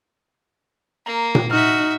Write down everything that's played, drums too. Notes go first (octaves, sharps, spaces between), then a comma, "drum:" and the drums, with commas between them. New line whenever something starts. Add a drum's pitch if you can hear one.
A#3 A#5
drum: tom A#2
D#4 F#4 E5 F6